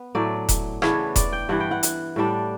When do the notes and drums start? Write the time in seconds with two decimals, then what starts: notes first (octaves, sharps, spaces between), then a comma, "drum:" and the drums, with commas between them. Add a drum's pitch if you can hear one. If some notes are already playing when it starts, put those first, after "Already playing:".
Already playing: B3
0.15 A2 F#3 A3 D5
0.49 drum: kick E1, hi-hat
0.82 C#3 E3 B3 D4 C#5, drum: rim click
1.16 D5, drum: kick E1, hi-hat
1.32 G5
1.49 G2 E3 G3 F#5
1.60 G5
1.71 F#5
1.83 drum: hi-hat
2.16 A2 G3 D4